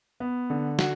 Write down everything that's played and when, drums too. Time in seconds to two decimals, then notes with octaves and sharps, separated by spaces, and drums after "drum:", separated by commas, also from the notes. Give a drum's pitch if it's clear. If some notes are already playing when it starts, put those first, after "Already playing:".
0.20 B3
0.50 D3
0.79 F#4, drum: snare